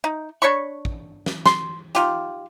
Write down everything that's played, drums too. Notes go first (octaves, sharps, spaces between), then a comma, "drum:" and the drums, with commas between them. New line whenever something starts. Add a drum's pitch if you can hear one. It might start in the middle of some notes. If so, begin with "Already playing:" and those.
D#4
D4 C#5 B5 C#6
drum: kick
drum: snare
C6, drum: snare
D#4 F4 G4, drum: hi-hat